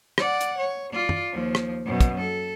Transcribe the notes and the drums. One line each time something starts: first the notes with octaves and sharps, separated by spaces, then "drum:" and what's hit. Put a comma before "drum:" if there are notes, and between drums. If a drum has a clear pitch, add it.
D5 F#5, drum: rim click
drum: hi-hat
C#5
F4 D5
drum: tom
D#2 F3
drum: rim click
F#2 B2
drum: kick, hi-hat
A4